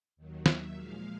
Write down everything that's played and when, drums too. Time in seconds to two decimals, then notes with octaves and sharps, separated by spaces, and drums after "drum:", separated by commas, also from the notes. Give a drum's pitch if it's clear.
0.16 D#2 D#3 F#3
0.46 E5, drum: snare
0.75 A#2 F3 G#3 F5